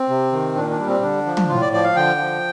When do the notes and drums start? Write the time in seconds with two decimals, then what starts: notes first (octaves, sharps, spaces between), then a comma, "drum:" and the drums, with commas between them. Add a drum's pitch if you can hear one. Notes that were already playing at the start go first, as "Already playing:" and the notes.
Already playing: C4
0.09 C3
0.32 D#3
0.56 A#2 D4
0.71 D4
0.79 G3
0.87 C4
1.02 D3 D4
1.26 F3
1.37 drum: tom
1.49 A2 F4
1.61 D5
1.73 F3 D5
1.84 F5
1.96 D3 G5
2.20 F3